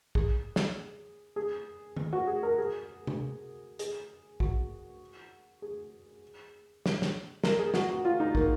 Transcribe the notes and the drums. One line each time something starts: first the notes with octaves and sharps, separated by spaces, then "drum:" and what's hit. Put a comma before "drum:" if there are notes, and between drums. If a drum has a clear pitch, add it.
G#4, drum: kick
drum: snare
G#4
drum: tom D#3
F#4
G#4
A#4
G#4
drum: tom C3
G#4, drum: hi-hat
F#4, drum: kick
G#4
drum: snare
drum: snare
A#4, drum: snare
G#4
F#4, drum: snare
F#4
F4
D#4
A#3, drum: kick